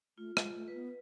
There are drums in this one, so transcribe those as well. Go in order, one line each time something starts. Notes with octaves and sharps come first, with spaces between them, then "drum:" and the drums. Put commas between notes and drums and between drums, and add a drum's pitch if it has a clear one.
A3 F4
G#3, drum: rim click
F4
A3
B4
B3